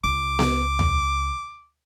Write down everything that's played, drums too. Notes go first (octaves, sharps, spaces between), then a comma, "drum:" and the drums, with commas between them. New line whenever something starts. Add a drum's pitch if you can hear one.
C#2 D6
drum: snare B3
drum: tom D#2